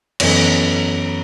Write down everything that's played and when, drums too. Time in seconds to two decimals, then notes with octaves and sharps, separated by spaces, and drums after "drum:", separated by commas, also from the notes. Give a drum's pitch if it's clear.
0.20 F#2 E3 B3 D#4 A4, drum: cymbal